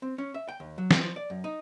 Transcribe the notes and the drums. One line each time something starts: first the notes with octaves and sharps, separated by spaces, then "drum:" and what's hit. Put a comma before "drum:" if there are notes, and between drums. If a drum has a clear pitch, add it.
C4
C#4
E5
G5
D#2
F#3
F4, drum: snare
F3
D5
F#2
D#4